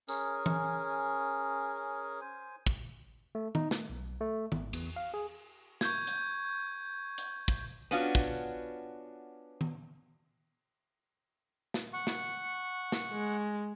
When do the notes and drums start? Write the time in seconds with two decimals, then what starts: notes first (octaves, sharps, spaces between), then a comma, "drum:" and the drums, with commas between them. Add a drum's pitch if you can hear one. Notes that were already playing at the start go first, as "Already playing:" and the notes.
0.09 C#4 G#4 A#4, drum: tambourine
0.46 drum: tom E3
2.21 C5 G#5
2.66 drum: kick
3.35 A3
3.55 D#4, drum: tom D#3
3.71 A3, drum: snare
3.90 B1
4.21 A3
4.52 G#1, drum: tom D#3
4.73 E2, drum: cymbal
4.96 F5
5.14 G#4
5.81 C#6 G6 G#6, drum: snare
6.07 drum: hi-hat
7.18 drum: hi-hat
7.48 drum: kick
7.91 B3 C#4 D4 F4 F#4
8.15 drum: kick
9.61 drum: tom D#3
11.74 drum: snare
11.93 F#5 C#6
12.07 drum: snare
12.92 drum: snare
13.12 G#3